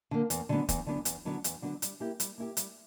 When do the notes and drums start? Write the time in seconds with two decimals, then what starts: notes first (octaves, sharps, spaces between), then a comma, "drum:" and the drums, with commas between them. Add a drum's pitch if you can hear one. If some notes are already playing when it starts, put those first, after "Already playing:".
0.11 D3 A#3
0.30 E2, drum: hi-hat
0.49 D3 F#3 B3 D4
0.69 E2, drum: kick, hi-hat
0.87 D3 F#3 B3 D4
1.05 E2, drum: hi-hat
1.25 D3 F#3 B3 D4
1.44 E2, drum: hi-hat
1.62 D3 F#3 B3 D4
1.82 G3, drum: hi-hat
2.00 A#3 E4 G4
2.20 G3, drum: hi-hat
2.38 A#3 E4 G4
2.57 G3, drum: hi-hat